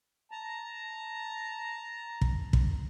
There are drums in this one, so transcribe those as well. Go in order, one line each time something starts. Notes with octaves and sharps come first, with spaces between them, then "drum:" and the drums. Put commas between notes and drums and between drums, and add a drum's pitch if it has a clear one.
A5 A#5
drum: kick
drum: kick